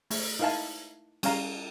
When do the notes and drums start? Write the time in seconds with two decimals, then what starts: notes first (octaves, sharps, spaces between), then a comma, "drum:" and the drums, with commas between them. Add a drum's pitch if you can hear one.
0.10 A3, drum: open hi-hat
0.39 D#4 E4 A#4 F5 G#5 A5
1.23 G3 C#4 G#4 F5 A#5, drum: cymbal